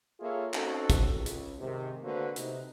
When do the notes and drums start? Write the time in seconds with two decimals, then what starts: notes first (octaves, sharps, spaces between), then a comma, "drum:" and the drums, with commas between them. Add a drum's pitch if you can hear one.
0.20 A#3 F4 G#4 A4 C#5 E5
0.54 C4 C#4 D#4 F#4 A4, drum: clap
0.90 drum: kick, hi-hat
1.17 C#2
1.26 drum: hi-hat
1.59 G#2 C3 D#3
2.03 D3 A3 A#3 F#4 B4 C5
2.36 C3 D#4, drum: hi-hat